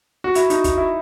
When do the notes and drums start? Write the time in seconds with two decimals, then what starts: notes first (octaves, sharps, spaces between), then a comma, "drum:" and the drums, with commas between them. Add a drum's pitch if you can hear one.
0.24 F#4
0.35 E4 F#4, drum: hi-hat
0.50 D#4, drum: hi-hat
0.64 D#4, drum: kick, hi-hat
0.78 E4